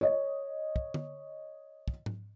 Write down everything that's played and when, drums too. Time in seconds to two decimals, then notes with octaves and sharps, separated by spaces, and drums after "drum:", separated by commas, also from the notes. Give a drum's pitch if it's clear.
0.01 C#5 D#5
0.76 drum: kick
0.94 drum: tom D3
1.88 drum: kick
2.06 drum: tom G#2